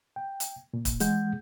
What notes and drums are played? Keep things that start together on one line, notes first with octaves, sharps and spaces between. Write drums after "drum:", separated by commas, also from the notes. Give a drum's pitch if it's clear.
G5
drum: hi-hat
A#2
drum: kick, hi-hat
E3 G#3 F#5 G6, drum: hi-hat